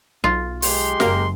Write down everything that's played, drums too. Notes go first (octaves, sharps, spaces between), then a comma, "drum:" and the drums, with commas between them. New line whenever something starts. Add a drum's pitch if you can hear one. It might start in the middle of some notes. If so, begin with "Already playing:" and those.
B1 F4
G#3 G4 C6, drum: open hi-hat
F#1 A#3 A#4, drum: snare